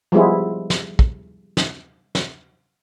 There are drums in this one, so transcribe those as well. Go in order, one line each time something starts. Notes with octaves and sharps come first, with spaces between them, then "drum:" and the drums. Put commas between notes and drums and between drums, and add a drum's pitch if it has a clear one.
F3 G3 G#3 B3 E4
drum: snare
drum: kick
drum: snare
drum: snare